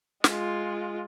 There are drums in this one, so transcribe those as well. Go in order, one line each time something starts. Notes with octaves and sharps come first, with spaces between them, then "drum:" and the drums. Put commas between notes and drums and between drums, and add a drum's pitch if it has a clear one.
G#3 F4, drum: snare